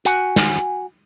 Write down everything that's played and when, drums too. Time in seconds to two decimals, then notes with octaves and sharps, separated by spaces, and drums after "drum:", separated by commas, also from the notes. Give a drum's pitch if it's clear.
0.05 F#4 F#5 G#5, drum: hi-hat
0.36 drum: snare